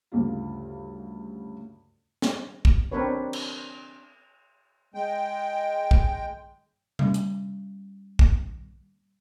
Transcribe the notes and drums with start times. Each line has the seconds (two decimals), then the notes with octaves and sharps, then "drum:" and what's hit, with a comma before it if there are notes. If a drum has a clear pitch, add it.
0.12 D2 G2 C#3 F4
2.22 drum: snare
2.65 drum: kick
2.92 C4 D4 A#4 B4 C#5
3.33 drum: cymbal
4.94 G#3 G5
5.91 drum: kick
6.99 G3 C#4, drum: tom C3
7.14 drum: hi-hat
8.19 drum: kick